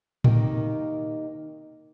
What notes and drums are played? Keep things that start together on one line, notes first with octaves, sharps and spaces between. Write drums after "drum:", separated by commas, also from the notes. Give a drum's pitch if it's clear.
C3 D#3 A#3 D#4, drum: tom A2